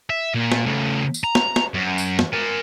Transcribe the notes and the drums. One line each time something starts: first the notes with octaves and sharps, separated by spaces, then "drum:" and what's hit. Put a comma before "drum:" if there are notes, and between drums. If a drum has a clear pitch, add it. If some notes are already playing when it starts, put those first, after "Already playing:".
E5
A#2
drum: snare
C#3 A3
drum: tambourine
A#5
drum: snare
drum: snare
F#2
drum: tambourine
drum: snare
A#4 G#5